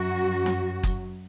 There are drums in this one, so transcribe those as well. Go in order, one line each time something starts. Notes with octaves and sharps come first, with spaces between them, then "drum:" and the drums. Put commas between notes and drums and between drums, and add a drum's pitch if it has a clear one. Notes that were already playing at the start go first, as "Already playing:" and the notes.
Already playing: F#2 F#3 F#4
drum: snare
drum: kick F#1, hi-hat